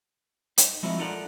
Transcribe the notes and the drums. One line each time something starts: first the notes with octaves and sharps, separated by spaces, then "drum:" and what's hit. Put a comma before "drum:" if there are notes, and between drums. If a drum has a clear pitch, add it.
D#4, drum: hi-hat
F3 G#3 C4 D#4 E4 F#4
D#4 F4 A4 A#4 D5 F#5